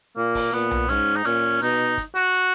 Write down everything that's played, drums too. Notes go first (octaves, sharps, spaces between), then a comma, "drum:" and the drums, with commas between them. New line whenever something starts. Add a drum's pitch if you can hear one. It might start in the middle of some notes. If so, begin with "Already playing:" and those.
A#2 A#3
drum: kick, open hi-hat
A#2 B3
drum: tom B1
G#2 C#4, drum: hi-hat
D#4
A#2 C#4, drum: hi-hat
B2 D#4, drum: hi-hat
drum: kick, hi-hat
F#4, drum: hi-hat
drum: hi-hat